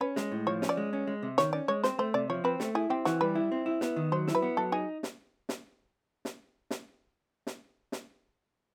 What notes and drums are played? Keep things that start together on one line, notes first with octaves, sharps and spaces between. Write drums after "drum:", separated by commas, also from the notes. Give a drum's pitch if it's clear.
C#4 B4
G#3, drum: snare
A2
F3 C#5
C#4, drum: snare
D5
G#3
C#4
G#3
C3
D#3 C#5, drum: snare
C#4 D5
G#3 C#5
C4 C5, drum: snare
A3 C5
C3 D5
F3 C#5
C4 B4
A3, drum: snare
E4 G#4
C4 G4
E3 F#4, drum: snare
G3 B4
E4
C4
E4
B3, drum: snare
D#3
F#3 C5
E4, drum: snare
B4
B3
F#3 A4
D#4 G#4
drum: snare
drum: snare
drum: snare
drum: snare
drum: snare
drum: snare